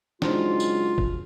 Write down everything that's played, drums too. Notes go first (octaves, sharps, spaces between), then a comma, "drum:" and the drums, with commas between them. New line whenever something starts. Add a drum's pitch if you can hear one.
C#3 F#3 G#3 D4 D#4 F4 C5, drum: snare
drum: tambourine
drum: kick